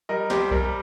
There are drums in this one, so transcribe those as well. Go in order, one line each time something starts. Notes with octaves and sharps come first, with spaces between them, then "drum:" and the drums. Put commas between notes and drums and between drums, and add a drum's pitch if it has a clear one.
G3 A#4 D#5
C2 G4 C5, drum: snare
G3 A#4, drum: kick B1